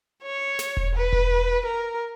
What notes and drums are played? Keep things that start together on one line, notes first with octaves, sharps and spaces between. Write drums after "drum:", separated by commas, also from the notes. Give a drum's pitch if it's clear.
C#5
drum: snare
drum: kick E1
B4
drum: kick E1
A#4